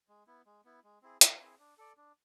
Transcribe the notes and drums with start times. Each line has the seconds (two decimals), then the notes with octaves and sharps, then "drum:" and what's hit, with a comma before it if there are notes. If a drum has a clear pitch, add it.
0.09 G#3
0.27 B3 E4
0.46 G#3
0.65 B3 E4
0.84 G#3
1.02 C4 E4 G#4
1.21 G#3, drum: hi-hat
1.40 C4 E4 G#4
1.59 D4
1.78 A4 D5
1.97 D4